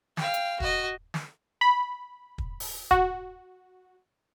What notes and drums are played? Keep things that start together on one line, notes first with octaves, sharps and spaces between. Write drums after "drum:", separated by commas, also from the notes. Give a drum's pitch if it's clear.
F5 G5, drum: snare
drum: hi-hat
F#4 D#5, drum: kick
drum: snare
B5
drum: kick
drum: open hi-hat
F#4, drum: kick